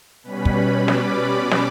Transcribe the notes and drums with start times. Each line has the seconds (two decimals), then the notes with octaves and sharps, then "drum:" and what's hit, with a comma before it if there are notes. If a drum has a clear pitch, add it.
0.24 B2 G3 C#4 B4 B5
0.45 drum: kick
0.88 D5 D6, drum: snare
1.19 D5 D6
1.51 drum: snare